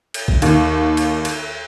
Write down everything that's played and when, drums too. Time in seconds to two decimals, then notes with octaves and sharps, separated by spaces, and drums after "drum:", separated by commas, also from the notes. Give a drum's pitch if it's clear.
0.14 drum: cymbal
0.28 drum: kick
0.42 D#2, drum: cymbal
0.97 drum: cymbal
1.25 drum: cymbal